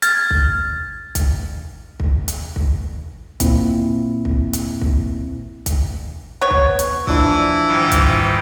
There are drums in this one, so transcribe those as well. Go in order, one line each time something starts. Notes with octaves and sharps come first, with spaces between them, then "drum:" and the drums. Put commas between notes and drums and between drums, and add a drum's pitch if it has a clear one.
F6 G#6 A6, drum: hi-hat
drum: kick
drum: kick, hi-hat
drum: kick
drum: hi-hat
drum: kick
A#2 A#3 C4 E4, drum: kick, hi-hat
drum: kick
drum: hi-hat
drum: kick
drum: kick, hi-hat
B3 C#5
drum: kick
drum: hi-hat
E3 F3 D4 E4, drum: kick
G#2 D#3 G3
drum: kick, hi-hat